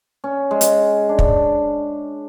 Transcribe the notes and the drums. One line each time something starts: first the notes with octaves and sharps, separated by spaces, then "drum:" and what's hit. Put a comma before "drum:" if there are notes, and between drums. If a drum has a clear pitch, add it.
C#4
G#3
drum: hi-hat
D4
drum: kick